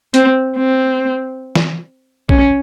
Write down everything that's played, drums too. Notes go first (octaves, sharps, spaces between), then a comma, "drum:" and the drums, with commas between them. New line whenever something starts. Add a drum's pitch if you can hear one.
C4, drum: hi-hat
C4
drum: snare E3
C#4, drum: kick A#1